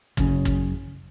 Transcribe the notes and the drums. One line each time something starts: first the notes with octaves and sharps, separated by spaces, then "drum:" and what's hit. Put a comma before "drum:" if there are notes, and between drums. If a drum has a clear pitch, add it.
F#2 C#3, drum: kick
drum: kick